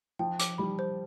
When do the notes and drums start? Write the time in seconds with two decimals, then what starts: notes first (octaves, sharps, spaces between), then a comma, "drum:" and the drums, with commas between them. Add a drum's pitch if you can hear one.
0.19 F3 G5
0.39 D6, drum: hi-hat
0.58 G3 B5
0.79 C5